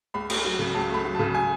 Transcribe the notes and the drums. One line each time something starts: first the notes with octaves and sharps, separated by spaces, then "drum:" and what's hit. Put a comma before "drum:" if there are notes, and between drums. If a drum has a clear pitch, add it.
C#2 B5
A3, drum: cymbal
F#3
C#3
C#2 A5
A3 B5
F#3
A5
C#3
G#5